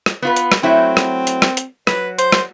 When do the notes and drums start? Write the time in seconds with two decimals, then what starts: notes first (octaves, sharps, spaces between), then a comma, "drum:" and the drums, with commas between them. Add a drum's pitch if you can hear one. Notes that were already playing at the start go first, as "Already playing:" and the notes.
0.06 drum: rim click
0.22 B3 F4 B4
0.36 drum: hi-hat
0.52 drum: rim click
0.63 F#3 A3 C4 E4
0.97 drum: rim click
1.27 drum: hi-hat
1.42 drum: rim click
1.57 drum: hi-hat
1.87 F#3 B4, drum: rim click
2.19 C5, drum: hi-hat
2.32 drum: rim click